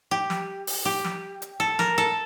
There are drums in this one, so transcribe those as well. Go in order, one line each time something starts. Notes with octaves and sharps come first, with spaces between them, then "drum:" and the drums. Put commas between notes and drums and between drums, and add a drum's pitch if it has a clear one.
G4
drum: snare
drum: open hi-hat
G4
drum: snare
drum: hi-hat
A4
A#4, drum: snare
A4